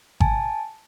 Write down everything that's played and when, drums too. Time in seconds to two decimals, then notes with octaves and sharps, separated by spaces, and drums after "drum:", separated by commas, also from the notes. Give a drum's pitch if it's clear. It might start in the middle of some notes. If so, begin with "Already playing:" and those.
0.20 G#5 A5, drum: kick G#1